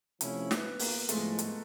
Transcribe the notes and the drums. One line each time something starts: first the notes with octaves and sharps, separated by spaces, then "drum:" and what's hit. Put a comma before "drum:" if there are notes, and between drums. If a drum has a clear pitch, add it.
C3 F3 A3 C#4 E4, drum: hi-hat
B3, drum: snare
A#3, drum: open hi-hat
A2 F3 G#3 A3, drum: hi-hat
drum: hi-hat